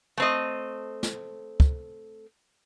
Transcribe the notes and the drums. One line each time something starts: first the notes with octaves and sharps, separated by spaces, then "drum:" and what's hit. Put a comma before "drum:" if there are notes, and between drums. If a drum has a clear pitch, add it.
A3 C4 D#5
drum: snare
drum: kick